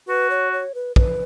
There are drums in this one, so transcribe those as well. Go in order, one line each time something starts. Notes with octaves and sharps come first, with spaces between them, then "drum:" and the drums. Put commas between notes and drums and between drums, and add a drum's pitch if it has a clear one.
F#4 B4
C#5
C#5
B4
B4, drum: kick